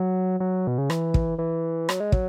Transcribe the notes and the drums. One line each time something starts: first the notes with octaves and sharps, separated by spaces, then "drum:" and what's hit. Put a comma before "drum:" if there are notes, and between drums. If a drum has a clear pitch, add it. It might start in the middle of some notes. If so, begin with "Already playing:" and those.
Already playing: F#3
F#3
B2
C#3
E3, drum: rim click
drum: kick
E3
F#3, drum: rim click
G#3
F#3, drum: kick